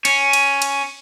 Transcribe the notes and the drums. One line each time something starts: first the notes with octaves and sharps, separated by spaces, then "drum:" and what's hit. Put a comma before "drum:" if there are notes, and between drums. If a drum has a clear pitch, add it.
C#4, drum: cymbal
drum: cymbal
drum: cymbal